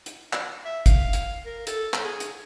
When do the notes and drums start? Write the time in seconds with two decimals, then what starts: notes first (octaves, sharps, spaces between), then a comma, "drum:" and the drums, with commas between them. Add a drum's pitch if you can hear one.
0.06 drum: hi-hat
0.33 drum: clap
0.65 E5
0.86 F5, drum: kick, hi-hat
1.13 drum: hi-hat
1.46 A#4
1.67 A4, drum: hi-hat
1.94 drum: clap
2.04 G#4
2.20 drum: hi-hat